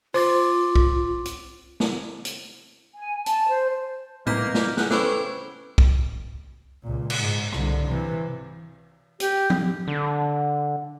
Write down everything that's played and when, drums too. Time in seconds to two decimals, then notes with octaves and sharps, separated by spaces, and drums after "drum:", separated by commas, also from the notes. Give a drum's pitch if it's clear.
0.14 F4 C5 C6 D6 A6, drum: open hi-hat
0.76 drum: kick
1.25 drum: hi-hat
1.80 drum: snare
2.25 drum: hi-hat
2.94 G#5
3.26 A5, drum: hi-hat
3.48 C5
4.27 E3 G#3 A#3 F6 G6 B6, drum: tom A2
4.55 drum: snare
4.77 G#4 F#5, drum: snare
4.91 C4 C#4 A4 B4 C#5 B5, drum: snare
5.78 drum: kick
6.84 C#2 A#2
7.10 drum: cymbal
7.19 G#2
7.53 C2 D3, drum: rim click
7.88 C3 E3
9.20 G4, drum: hi-hat
9.50 drum: tom
9.87 D3